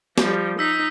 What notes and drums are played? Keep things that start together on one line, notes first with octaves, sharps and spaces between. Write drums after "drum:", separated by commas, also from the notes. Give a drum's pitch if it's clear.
F3 G3, drum: snare
D#4 E6 B6